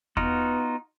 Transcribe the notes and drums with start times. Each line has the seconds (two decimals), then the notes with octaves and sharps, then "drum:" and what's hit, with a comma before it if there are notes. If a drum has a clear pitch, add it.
0.17 B3 D#4 F4 F#4, drum: kick